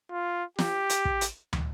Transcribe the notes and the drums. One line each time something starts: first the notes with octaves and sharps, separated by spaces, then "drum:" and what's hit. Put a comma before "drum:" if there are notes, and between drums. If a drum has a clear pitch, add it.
F4
G4, drum: snare
drum: hi-hat
drum: kick
drum: hi-hat
drum: tom